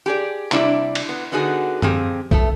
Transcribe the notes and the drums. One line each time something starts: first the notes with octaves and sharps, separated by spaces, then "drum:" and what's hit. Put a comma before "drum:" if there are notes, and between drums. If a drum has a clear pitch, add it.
G4 G#4 D5
C3 G3 D4 E4 D5, drum: clap
drum: cymbal
B3
D3 B3 D#4 F#4 G#4
F2 F3 C4 G4 G#4, drum: tom F#2
A3 B3 A4, drum: kick B1